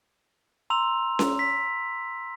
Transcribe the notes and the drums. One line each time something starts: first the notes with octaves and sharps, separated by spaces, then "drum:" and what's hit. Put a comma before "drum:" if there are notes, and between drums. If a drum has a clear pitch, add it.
A#5 C6 E6 F7
drum: snare C#4
B6